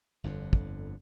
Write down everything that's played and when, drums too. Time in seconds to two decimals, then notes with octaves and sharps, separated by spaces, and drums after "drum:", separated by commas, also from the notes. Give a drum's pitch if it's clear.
0.24 G1 F2 G#2 D3
0.53 drum: kick